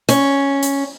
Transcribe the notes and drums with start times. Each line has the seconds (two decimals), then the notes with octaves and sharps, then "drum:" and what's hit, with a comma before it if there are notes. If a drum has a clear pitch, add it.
0.09 C#4, drum: hi-hat
0.63 drum: hi-hat